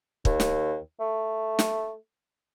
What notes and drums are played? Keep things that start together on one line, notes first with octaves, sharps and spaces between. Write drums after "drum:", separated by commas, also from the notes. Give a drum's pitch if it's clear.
D#2, drum: kick
drum: snare
A3
drum: snare